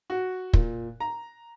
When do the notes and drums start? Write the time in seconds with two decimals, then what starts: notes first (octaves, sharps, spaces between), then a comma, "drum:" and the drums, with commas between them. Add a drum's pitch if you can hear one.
0.10 F#4
0.53 A#2, drum: kick
1.00 A#5